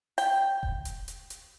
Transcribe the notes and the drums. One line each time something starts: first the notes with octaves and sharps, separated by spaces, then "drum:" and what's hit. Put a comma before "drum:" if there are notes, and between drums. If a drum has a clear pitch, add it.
G5, drum: open hi-hat
drum: kick E1
drum: hi-hat
drum: hi-hat
drum: hi-hat